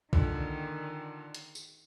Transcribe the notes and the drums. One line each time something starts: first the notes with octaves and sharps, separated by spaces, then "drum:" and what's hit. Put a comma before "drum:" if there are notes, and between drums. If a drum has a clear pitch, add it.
A#2 D3 D#3, drum: kick
drum: hi-hat
drum: tambourine